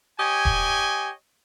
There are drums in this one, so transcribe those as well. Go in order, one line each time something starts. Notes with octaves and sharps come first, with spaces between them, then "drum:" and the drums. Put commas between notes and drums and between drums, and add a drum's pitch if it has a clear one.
G4 C#5 D#5 G#5
drum: kick D#1